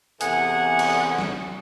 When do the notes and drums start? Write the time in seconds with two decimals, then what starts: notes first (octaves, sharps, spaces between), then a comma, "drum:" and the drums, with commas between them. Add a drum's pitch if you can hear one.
0.21 E2 C3 E3 G#4 A4 F#5, drum: hi-hat
0.79 drum: cymbal
1.19 drum: snare